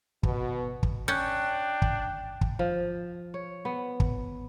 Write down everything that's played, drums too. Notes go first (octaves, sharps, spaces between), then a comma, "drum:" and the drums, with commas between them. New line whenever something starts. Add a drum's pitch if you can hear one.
B2, drum: kick
drum: kick
C#4 D4 G5 F#6 G6
drum: kick
drum: kick
F3
C#5
B3
drum: kick